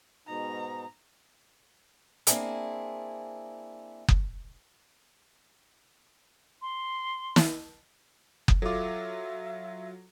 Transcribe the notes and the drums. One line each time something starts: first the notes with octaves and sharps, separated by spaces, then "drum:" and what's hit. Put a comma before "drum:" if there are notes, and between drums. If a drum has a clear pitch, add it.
G#2 B2 D#4 A#5
A#3 C4 D4 E4 G#4, drum: hi-hat
drum: kick F#1
C6
drum: snare
drum: kick F#1
F#3 F4 A4 E5 D6